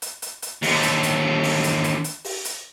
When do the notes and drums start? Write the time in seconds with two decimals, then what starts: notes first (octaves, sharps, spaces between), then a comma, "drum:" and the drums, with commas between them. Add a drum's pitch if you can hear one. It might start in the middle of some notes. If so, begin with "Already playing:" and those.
0.02 drum: hi-hat
0.22 drum: hi-hat
0.42 drum: hi-hat
0.63 D#2 D3, drum: open hi-hat
0.83 drum: hi-hat
1.03 drum: hi-hat
1.44 drum: open hi-hat
1.64 drum: hi-hat
1.84 drum: hi-hat
2.04 drum: hi-hat
2.24 drum: open hi-hat
2.45 drum: hi-hat